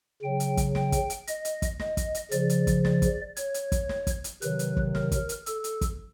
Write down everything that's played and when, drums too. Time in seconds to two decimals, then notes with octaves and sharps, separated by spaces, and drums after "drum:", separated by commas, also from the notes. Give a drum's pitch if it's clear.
0.22 C#3 F#3 G5
0.40 drum: hi-hat
0.57 drum: kick, hi-hat
0.75 G5, drum: snare
0.92 drum: kick, hi-hat
1.10 drum: hi-hat
1.27 D#5, drum: hi-hat
1.45 drum: hi-hat
1.62 drum: kick, hi-hat
1.80 D#5, drum: snare
1.97 drum: kick, hi-hat
2.15 drum: hi-hat
2.31 C#3 F3 D5, drum: hi-hat
2.50 drum: hi-hat
2.67 drum: kick, hi-hat
2.85 D5, drum: snare
3.02 drum: kick, hi-hat
3.37 C#5, drum: hi-hat
3.54 drum: hi-hat
3.72 drum: kick, hi-hat
3.89 drum: snare
4.07 drum: kick, hi-hat
4.24 drum: hi-hat
4.42 C3 D#3 F#3 B4, drum: hi-hat
4.59 drum: hi-hat
4.77 drum: kick
4.95 A#4, drum: snare
5.12 drum: kick, hi-hat
5.29 drum: hi-hat
5.46 A4, drum: hi-hat
5.64 drum: hi-hat
5.81 drum: kick, hi-hat